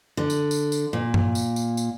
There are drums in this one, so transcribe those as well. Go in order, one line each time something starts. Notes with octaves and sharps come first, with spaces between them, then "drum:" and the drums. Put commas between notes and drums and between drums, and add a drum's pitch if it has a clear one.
D3
drum: tambourine
drum: tambourine
drum: tambourine
A#2
drum: tom
drum: tambourine
drum: tambourine
drum: tambourine